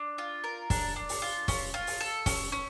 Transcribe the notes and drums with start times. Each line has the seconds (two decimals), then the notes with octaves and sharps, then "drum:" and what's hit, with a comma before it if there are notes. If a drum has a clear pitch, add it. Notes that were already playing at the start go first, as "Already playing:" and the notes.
Already playing: D4
0.18 F4
0.44 A#4
0.70 D4, drum: kick, open hi-hat
0.96 D4
1.09 drum: open hi-hat
1.22 F4
1.48 C#4, drum: kick, open hi-hat
1.74 F4
1.87 drum: open hi-hat
2.00 A4
2.26 C#4, drum: kick, open hi-hat
2.52 C#4